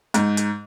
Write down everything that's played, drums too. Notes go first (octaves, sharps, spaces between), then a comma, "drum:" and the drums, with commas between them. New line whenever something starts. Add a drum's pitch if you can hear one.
G#2, drum: hi-hat
drum: hi-hat